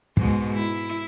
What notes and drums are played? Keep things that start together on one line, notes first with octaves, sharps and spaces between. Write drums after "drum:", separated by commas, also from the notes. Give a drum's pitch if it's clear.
G#2 B2 G#3, drum: kick
E4